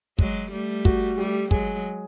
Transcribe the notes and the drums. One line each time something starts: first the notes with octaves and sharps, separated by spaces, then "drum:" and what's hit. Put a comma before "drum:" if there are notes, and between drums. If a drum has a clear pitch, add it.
F#3 G#3, drum: kick
G3 A3
F#4, drum: kick
G3 A3 G4
F#3 G#3 G#4, drum: kick